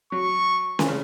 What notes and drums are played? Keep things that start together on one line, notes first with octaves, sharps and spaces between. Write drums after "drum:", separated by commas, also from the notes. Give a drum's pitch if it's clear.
F#3 C#6
E3, drum: snare C#4
C#3